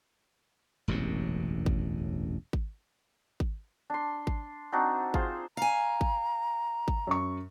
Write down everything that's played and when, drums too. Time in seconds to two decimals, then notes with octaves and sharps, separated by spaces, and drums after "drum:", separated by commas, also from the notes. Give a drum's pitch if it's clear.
0.88 E1 A1 F#2 C3
1.66 drum: kick G#1
2.53 drum: kick G#1
3.40 drum: kick G#1
3.90 D4 C6
4.27 drum: kick G#1
4.72 C4 D4 D#4 F#4
5.14 F4 G#4 C5, drum: kick G#1
5.57 F5 G#5 A#5
6.01 drum: kick G#1
6.88 drum: kick G#1
7.07 F#2 C#6